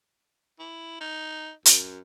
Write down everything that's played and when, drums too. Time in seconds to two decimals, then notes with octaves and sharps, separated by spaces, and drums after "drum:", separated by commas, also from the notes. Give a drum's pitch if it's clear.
0.59 E4
1.01 D#4
1.65 F#2, drum: hi-hat